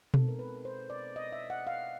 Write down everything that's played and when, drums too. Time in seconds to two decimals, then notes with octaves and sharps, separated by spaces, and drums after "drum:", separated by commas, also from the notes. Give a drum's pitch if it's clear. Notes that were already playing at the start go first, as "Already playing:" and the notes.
0.14 B2 G#3 C4 D#4 A4, drum: tom B2
0.28 A#4
0.39 B4
0.65 C5
0.90 D5
1.16 D#5
1.32 E5
1.50 F#5
1.67 F5